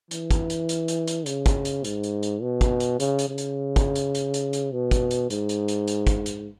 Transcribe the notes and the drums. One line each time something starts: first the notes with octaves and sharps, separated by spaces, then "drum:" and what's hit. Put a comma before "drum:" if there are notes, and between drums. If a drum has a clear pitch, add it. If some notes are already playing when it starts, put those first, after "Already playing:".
E3, drum: hi-hat
drum: kick, hi-hat
drum: hi-hat
drum: hi-hat
drum: hi-hat
drum: hi-hat
C#3, drum: hi-hat
drum: kick, hi-hat
drum: hi-hat
G#2, drum: hi-hat
drum: hi-hat
drum: hi-hat
B2
drum: kick, hi-hat
drum: hi-hat
C#3, drum: hi-hat
drum: hi-hat
C#3
drum: hi-hat
drum: kick, hi-hat
drum: hi-hat
drum: hi-hat
drum: hi-hat
drum: hi-hat
B2
drum: kick, hi-hat
drum: hi-hat
G#2, drum: hi-hat
drum: hi-hat
drum: hi-hat
drum: hi-hat
drum: kick, hi-hat
drum: hi-hat